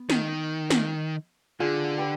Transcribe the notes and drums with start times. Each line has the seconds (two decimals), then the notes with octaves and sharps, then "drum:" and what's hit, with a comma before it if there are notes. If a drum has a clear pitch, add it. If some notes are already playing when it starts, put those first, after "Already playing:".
Already playing: B3
0.10 D#3, drum: snare
0.70 drum: snare
1.60 D3 F4 G#4
1.98 G4 B4